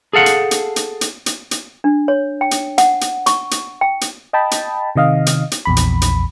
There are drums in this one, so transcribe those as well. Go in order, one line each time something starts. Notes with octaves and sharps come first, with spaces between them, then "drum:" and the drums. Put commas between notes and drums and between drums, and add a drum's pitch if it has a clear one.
G#4 A4 F5 F#5
drum: hi-hat
drum: hi-hat
drum: hi-hat
drum: hi-hat
drum: hi-hat
drum: hi-hat
D4
C#5
G5
drum: hi-hat
F#5, drum: hi-hat
drum: hi-hat
C#6, drum: hi-hat
drum: hi-hat
G5
drum: hi-hat
D#5 G5 A5 B5
drum: hi-hat
C3 D#3 D#5 F5
drum: hi-hat
drum: hi-hat
A#1 E2 B5
drum: hi-hat
drum: hi-hat